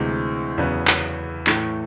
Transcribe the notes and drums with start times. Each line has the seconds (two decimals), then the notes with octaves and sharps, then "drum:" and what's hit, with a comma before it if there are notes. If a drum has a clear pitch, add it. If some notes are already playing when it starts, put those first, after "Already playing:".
Already playing: D2 C3 E3 G#3
0.58 E2 C#3 F#3 B3
0.87 drum: clap
1.47 A2 E3 A3, drum: clap